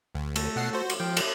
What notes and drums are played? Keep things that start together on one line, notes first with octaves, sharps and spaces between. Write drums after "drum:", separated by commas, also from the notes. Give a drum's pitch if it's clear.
D2
A3, drum: cymbal
B2 F#5 C7
F#4 C5
drum: cymbal
F3 G5
drum: cymbal